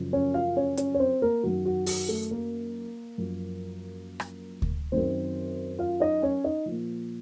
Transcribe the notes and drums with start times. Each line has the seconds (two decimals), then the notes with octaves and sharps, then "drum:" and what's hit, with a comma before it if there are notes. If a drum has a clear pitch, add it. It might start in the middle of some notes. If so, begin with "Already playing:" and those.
Already playing: F#2 C#3 F3
0.13 C#4 C#5
0.34 F4 F5
0.56 C#4 C#5
0.77 C#4 C#5, drum: hi-hat
0.94 C#5
0.99 C4 C5
1.22 A#3 A#4
1.43 F#2 D#3 F#3 F#4
1.65 F#4
1.86 F#4, drum: open hi-hat
2.09 A3 A4
2.31 A#3 A#4
3.18 F#2 F3
4.20 drum: rim click
4.62 drum: kick D2
4.92 F#2 D#3 F#3 C4 C5
5.79 F4 F5
6.00 D#4 D#5
6.22 C#4 C#5
6.44 D#4 D#5
6.66 F3
6.71 A#2